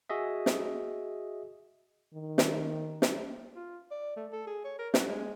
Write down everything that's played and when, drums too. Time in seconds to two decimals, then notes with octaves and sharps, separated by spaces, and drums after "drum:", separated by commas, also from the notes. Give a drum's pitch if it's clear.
0.09 F#4 G#4 D#5 E5
0.46 drum: snare
2.14 D#3
2.38 drum: snare
3.02 drum: snare
3.56 F4
3.91 D5
4.16 A3
4.33 A4
4.47 G#4
4.65 C#5
4.79 A#4
4.94 F#4, drum: snare
5.08 G#3